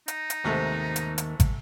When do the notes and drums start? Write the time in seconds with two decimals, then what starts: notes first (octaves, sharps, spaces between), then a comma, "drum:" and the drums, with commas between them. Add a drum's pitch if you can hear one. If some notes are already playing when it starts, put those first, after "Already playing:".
0.08 D#4, drum: hi-hat
0.30 drum: hi-hat
0.44 D#2 G#2 C3 D#3 A3
0.96 drum: hi-hat
1.18 drum: hi-hat
1.40 drum: kick, hi-hat